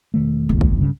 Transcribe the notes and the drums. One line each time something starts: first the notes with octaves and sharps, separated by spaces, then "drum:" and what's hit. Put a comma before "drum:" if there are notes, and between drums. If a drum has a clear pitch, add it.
E1 D#3 A3
G1 C#2
drum: kick
G2 C#3